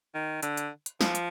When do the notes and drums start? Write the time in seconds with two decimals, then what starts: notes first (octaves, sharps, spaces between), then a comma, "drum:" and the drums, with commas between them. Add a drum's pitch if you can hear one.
0.15 D#3
0.43 D3, drum: hi-hat
0.57 drum: hi-hat
0.86 drum: hi-hat
1.01 F3, drum: snare
1.15 drum: hi-hat